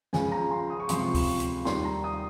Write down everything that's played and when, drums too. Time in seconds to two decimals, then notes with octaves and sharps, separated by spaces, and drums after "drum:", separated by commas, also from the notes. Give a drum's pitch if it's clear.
0.13 C#2 C#3 F3 G#5, drum: snare
0.32 A#5
0.51 C6
0.70 D#6
0.80 C#6
0.89 C#2 C3 F3 C6, drum: hi-hat
1.00 C#6
1.14 drum: kick C#2, open hi-hat
1.40 drum: hi-hat
1.65 D#2 D#3 G3 C6, drum: snare
1.85 A#5
2.04 D#6